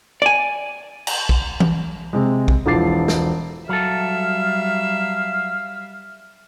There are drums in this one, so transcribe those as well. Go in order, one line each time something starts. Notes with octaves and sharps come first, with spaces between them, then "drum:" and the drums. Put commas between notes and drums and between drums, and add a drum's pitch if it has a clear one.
D5 G#5
drum: cymbal
drum: kick
drum: tom E3
C3 G#3
drum: kick
E1 E3 F3 D6 A6 C7
drum: snare
F#3 G3 A4 E5 F5